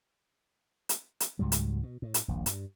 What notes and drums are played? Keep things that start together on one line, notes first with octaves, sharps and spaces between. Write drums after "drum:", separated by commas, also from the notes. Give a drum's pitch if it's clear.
drum: hi-hat
drum: hi-hat
C#2 G#2 F#3 G3
drum: hi-hat
B2
A2
drum: hi-hat
D#1 A#1
G2, drum: hi-hat